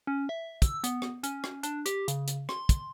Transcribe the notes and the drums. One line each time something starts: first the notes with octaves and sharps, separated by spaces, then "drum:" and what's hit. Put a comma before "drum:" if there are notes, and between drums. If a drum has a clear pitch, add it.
C#4
E5
E6, drum: kick, hi-hat
B3, drum: hi-hat
drum: rim click
C#4, drum: hi-hat
drum: rim click
D4, drum: hi-hat
G4, drum: hi-hat
C#3, drum: hi-hat
drum: hi-hat
C6, drum: rim click
drum: kick, hi-hat